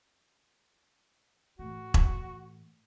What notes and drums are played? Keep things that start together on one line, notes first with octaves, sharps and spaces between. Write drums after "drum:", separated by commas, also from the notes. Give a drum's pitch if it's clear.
A2 E3 F#4
drum: kick E1